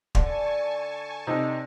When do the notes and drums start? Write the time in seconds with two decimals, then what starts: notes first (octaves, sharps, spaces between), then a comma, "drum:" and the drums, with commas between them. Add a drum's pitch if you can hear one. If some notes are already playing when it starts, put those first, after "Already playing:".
0.15 D3 G#5 A5 C#6, drum: kick
1.27 C3 D#4 A4